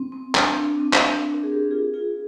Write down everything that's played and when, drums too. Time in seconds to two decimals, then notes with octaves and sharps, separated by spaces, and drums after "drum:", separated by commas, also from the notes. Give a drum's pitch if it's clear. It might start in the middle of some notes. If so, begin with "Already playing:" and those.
Already playing: C4
0.12 C4
0.35 D4, drum: clap
0.58 D4
0.80 C4
0.93 C4, drum: clap
1.03 D4
1.34 A#4
1.43 G#4
1.52 G4 A#4
1.71 F4 G#4
1.94 F4 G#4